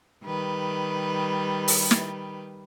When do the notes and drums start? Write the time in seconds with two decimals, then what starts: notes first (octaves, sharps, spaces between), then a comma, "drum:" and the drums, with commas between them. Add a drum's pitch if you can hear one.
0.24 D#3 G3 B4
1.68 drum: open hi-hat
1.91 drum: snare